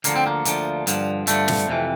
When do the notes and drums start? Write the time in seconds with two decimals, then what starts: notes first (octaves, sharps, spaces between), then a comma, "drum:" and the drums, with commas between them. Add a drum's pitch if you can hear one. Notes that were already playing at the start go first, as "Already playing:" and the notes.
0.04 D2 D3 F3 A#3, drum: hi-hat
0.16 C4
0.27 A#3
0.45 D2 D3 F3, drum: hi-hat
0.87 G2 D3 F3, drum: hi-hat
1.27 G2 D3 F3 A3, drum: hi-hat
1.48 drum: snare
1.68 F2 C3 E3